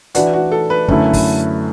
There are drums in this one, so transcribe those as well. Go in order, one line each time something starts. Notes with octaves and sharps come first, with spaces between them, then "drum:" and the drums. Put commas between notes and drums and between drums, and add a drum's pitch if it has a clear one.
E3 D4 F#4 B4 D5, drum: hi-hat
F#4
A4
B4
F#2 D3 A3 E4, drum: kick
drum: kick, open hi-hat